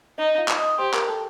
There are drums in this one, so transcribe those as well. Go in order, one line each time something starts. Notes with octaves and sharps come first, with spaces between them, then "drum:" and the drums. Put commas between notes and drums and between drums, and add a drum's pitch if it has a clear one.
D#4 D#5
F4 F5
drum: clap
D#5 D#6
G4 C5 C6
A#4 A#5, drum: clap
A4 A5